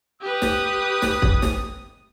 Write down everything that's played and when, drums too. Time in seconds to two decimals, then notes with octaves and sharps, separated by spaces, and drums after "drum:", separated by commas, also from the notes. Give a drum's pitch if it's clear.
0.22 G4 B4 D#6
0.42 drum: snare
1.02 drum: snare
1.22 drum: kick
1.42 drum: snare